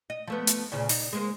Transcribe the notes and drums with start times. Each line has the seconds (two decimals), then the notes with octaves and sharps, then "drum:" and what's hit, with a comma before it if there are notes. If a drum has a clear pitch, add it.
0.10 D#5
0.27 F3 A3 B3
0.47 drum: hi-hat
0.72 D2 A#2 C#3
0.89 D#4, drum: open hi-hat
1.13 G#3 A#3 C5